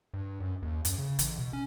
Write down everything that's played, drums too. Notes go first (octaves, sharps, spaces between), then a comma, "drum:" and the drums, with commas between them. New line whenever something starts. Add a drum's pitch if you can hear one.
G2
F#2
D#2
F#2, drum: hi-hat
C#3
A1, drum: hi-hat
B2
C#4